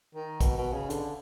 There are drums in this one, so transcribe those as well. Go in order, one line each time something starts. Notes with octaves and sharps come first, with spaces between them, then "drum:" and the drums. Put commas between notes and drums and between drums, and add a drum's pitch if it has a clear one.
D#3
B2, drum: kick, hi-hat
B2
C#3
D3, drum: hi-hat